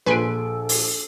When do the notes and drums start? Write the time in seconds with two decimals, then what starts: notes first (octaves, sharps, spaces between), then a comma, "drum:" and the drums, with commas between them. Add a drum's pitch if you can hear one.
0.06 A#1 A4 B4 G#5 C6 D7
0.69 drum: open hi-hat